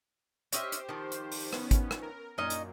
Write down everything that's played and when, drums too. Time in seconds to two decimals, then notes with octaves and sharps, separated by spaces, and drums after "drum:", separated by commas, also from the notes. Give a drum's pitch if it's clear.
0.52 C#4 G4 C5 D#5 E5, drum: hi-hat
0.72 drum: hi-hat
0.89 D#3 F3
1.12 drum: hi-hat
1.32 drum: open hi-hat
1.53 B3 C#4, drum: rim click
1.71 drum: kick, hi-hat
1.91 drum: rim click
2.02 A#4
2.38 F#2 A#2 C#4 D#4 D#5
2.50 drum: hi-hat